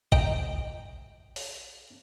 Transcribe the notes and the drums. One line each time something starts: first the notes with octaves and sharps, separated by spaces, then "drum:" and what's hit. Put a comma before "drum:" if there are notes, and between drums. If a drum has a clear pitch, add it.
D#5 G5 A#5, drum: kick A1
drum: open hi-hat